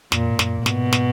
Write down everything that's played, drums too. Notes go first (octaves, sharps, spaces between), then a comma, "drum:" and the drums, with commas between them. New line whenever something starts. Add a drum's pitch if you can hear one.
F2 A#2, drum: snare
G#2
F#2, drum: snare
A#2
G#2 B2, drum: snare
drum: snare